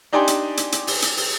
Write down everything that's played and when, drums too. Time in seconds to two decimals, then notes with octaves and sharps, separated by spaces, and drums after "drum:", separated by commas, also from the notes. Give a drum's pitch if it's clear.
0.13 D4 D#4 G4 D5 G#5 C6
0.27 drum: hi-hat
0.57 drum: hi-hat
0.72 drum: hi-hat
0.87 drum: open hi-hat
1.02 drum: hi-hat
1.17 drum: open hi-hat